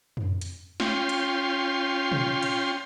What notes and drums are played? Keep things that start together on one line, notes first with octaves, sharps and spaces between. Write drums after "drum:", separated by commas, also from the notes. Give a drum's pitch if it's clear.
drum: tom
drum: hi-hat
C#4 F4 G5 C6, drum: snare
drum: hi-hat
drum: tom
drum: cymbal